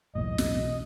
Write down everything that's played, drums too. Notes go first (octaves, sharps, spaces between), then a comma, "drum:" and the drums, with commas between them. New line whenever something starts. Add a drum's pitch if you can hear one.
B1 E2 A2 D#5
drum: snare